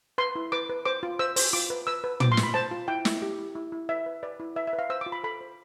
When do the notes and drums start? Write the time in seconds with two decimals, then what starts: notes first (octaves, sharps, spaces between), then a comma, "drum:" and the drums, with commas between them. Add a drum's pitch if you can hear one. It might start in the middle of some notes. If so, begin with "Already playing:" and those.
0.18 B4 C6
0.36 E4
0.52 B4 D6
0.69 B4
0.85 C5 D6
1.03 F4
1.19 C5 E6
1.36 C5, drum: open hi-hat
1.53 F4 D6
1.70 B4
1.87 B4 E6
2.04 B4
2.20 C5 D6, drum: tom
2.32 C6
2.37 F4, drum: snare
2.43 B5
2.54 C5 A5
2.71 F4
2.88 E4 G5
3.05 E4, drum: snare
3.22 G4
3.39 E4
3.55 E4
3.72 E4
3.89 B4 E5
4.06 B4
4.23 B4 D5
4.40 E4
4.56 B4 E5
4.67 E5
4.73 B4
4.79 F5
4.90 C5 E6
5.01 D6
5.06 F4
5.12 B5
5.24 A4 B5
5.41 C5